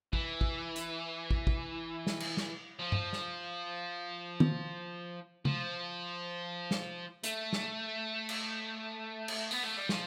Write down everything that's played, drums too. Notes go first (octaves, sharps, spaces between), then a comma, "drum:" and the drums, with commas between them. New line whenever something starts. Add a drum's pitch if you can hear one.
E3, drum: kick
drum: kick
drum: hi-hat
drum: kick
drum: kick
drum: snare
drum: cymbal
drum: snare
F3
drum: tom G2
drum: snare
drum: tom
F3, drum: tom
drum: snare
A3, drum: hi-hat
drum: snare
drum: cymbal
drum: cymbal
B3, drum: open hi-hat
A3
G3
F3, drum: snare